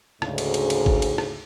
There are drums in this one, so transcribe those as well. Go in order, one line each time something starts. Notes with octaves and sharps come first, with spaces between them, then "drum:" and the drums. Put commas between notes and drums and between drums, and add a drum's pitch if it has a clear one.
D2 G#2 C#3, drum: rim click
drum: cymbal
drum: cymbal
drum: cymbal
drum: kick
drum: cymbal
drum: rim click